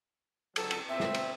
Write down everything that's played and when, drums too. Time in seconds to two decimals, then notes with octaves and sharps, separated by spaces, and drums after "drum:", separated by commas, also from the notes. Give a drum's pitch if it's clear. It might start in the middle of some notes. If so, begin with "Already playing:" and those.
0.56 C#2 D3 F#3 A4, drum: cymbal
0.71 drum: cymbal
0.89 A#2 B3 C4 E5
1.00 drum: snare
1.14 drum: cymbal